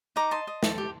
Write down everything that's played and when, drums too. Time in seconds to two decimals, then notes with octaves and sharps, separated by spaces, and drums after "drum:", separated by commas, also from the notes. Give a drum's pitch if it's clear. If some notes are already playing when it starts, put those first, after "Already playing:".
0.16 D#4 A#5 D6
0.31 D#5 A5 C6
0.47 D#5
0.63 A4, drum: snare
0.78 G4